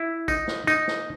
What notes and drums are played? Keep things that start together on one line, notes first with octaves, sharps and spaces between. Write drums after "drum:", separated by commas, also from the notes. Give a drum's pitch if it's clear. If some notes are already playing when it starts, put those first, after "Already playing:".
Already playing: E4
D#4, drum: kick, tambourine
drum: snare
D#4, drum: tambourine
drum: snare